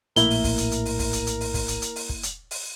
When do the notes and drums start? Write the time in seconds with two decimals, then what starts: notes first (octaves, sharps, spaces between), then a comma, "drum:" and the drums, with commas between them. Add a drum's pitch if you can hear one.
0.16 A#1 A2 A#3 E4 A#4 E5 G7, drum: hi-hat
0.30 drum: open hi-hat
0.44 drum: kick, open hi-hat
0.58 drum: hi-hat
0.72 drum: hi-hat
0.85 drum: open hi-hat
0.99 drum: kick, open hi-hat
1.13 drum: hi-hat
1.27 drum: hi-hat
1.40 drum: open hi-hat
1.54 drum: kick, open hi-hat
1.68 drum: hi-hat
1.82 drum: hi-hat
1.96 drum: open hi-hat
2.09 drum: kick
2.23 drum: hi-hat
2.51 drum: open hi-hat